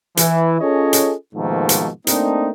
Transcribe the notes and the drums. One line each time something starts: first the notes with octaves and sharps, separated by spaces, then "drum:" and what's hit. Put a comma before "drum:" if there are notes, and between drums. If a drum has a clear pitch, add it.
E3, drum: hi-hat
C#4 F4 G#4 A4 C#5 D#5
drum: hi-hat
G#2 B2 D#3 F3 A3 A#3
drum: hi-hat
A3 A#3 C4 D4 D#4, drum: hi-hat